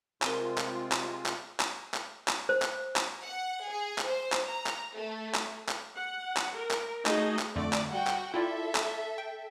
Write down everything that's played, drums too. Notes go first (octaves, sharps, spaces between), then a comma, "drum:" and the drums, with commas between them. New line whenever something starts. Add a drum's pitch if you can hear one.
C3 G#3 C4 F4 A#4 G#5, drum: clap
drum: clap
drum: clap
drum: clap
drum: clap
drum: clap
drum: clap
C5
drum: clap
drum: clap
F#5
G#4
drum: clap
C5
drum: clap
A#5
drum: clap
A3
drum: clap
drum: clap
F#5
drum: clap
A#4
drum: clap
A3 D#4 F#4 G#4 D#5, drum: clap
drum: clap
F2 D3 A3 D5
drum: clap
G3 F#4 F#5 G5
drum: clap
E4 F4 A4 D5 E5
drum: clap
G5